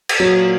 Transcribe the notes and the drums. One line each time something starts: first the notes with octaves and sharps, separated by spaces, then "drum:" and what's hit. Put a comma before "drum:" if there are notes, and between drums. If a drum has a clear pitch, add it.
drum: cymbal
A#2 F#3